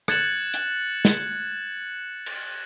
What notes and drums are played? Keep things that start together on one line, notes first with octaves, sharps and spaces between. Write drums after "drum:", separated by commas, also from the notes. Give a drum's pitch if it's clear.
F#6 G#6 A6 C#7 E7 F#7, drum: rim click
drum: hi-hat
drum: snare
drum: cymbal